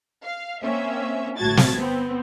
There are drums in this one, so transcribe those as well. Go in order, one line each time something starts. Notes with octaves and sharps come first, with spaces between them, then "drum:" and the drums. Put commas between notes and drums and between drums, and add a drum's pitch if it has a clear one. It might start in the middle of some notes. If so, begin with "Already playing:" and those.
F5
A#3 C4 C#4 E5
G1 A2 F#4 A5 G#6 A6
drum: snare
B3 C4